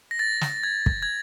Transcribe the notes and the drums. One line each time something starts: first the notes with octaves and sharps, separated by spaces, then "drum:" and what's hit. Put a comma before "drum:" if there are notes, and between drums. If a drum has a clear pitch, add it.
A#6
A6
drum: snare
G#6
drum: kick
G#6